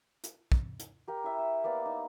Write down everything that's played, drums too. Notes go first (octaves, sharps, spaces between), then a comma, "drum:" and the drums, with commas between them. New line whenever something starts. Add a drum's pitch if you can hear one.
drum: hi-hat
drum: kick
drum: hi-hat
G4 A#4 G5
E4 E5
E6
A#3 B3 D5
D#4